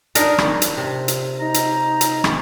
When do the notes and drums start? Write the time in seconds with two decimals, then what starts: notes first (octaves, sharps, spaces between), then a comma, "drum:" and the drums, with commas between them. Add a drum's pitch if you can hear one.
0.15 D4 D#4 A#4, drum: hi-hat
0.38 drum: rim click
0.62 drum: hi-hat
0.77 C3
1.08 drum: hi-hat
1.40 D#4 A#5
1.54 drum: hi-hat
2.01 drum: hi-hat
2.24 drum: rim click